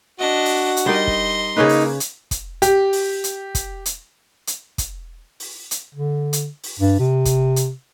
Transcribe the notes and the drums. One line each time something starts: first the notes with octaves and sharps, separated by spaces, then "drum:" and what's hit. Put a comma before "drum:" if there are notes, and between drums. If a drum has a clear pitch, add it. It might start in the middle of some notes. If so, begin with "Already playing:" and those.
D4 F#4 D#5
drum: open hi-hat
drum: hi-hat
G3 D#4 A#4 D#5 C6
drum: kick
C#3 A#3 C#4 D#4 B4
drum: open hi-hat
drum: hi-hat
drum: kick, hi-hat
G4, drum: hi-hat
drum: open hi-hat
drum: hi-hat
drum: kick, hi-hat
drum: hi-hat
drum: hi-hat
drum: kick, hi-hat
drum: open hi-hat
drum: hi-hat
D3
drum: hi-hat
drum: open hi-hat
G2
C3
drum: kick, hi-hat
drum: hi-hat